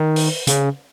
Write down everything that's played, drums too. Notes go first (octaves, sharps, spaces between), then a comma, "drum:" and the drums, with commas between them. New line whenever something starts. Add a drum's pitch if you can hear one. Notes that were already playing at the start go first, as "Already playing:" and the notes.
Already playing: D#3
drum: open hi-hat
C#3, drum: hi-hat